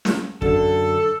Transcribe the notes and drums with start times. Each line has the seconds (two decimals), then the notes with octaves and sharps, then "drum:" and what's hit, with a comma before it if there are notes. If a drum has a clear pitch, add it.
0.05 drum: snare
0.42 F#2 D3 A4, drum: kick